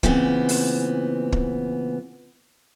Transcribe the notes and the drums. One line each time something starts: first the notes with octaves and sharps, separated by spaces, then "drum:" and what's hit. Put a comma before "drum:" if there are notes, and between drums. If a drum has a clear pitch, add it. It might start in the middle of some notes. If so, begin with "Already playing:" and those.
A#2 C#3 E3 B3 C4, drum: kick
drum: open hi-hat
drum: kick